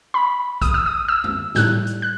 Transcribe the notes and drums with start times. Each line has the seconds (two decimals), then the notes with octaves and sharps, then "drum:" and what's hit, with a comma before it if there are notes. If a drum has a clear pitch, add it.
0.14 B5
0.62 D#6, drum: kick, hi-hat
0.74 E6
0.86 D#6
1.08 E6
1.24 drum: tom F#2
1.55 A2 G3 F#6, drum: snare
1.87 drum: hi-hat
2.02 F#6